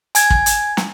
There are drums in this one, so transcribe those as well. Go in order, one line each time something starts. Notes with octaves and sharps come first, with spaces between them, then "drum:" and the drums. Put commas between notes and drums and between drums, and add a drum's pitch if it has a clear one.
G#5 G#6, drum: hi-hat
drum: kick
drum: hi-hat
drum: snare